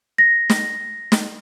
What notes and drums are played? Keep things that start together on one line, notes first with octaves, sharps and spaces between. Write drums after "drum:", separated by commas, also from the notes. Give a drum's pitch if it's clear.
A#6
drum: snare
drum: snare